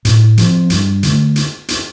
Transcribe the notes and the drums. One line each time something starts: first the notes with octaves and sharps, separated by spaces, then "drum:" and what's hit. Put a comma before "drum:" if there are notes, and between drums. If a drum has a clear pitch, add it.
A2, drum: hi-hat
F3 C4, drum: hi-hat
G2, drum: hi-hat
D3 A3, drum: hi-hat
drum: hi-hat
drum: hi-hat